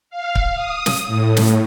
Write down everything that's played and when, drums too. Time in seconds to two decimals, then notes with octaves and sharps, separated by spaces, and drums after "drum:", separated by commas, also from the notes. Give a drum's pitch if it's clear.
0.10 F5
0.35 drum: kick C#1
0.55 D#6
0.86 drum: snare
1.07 A2
1.37 drum: snare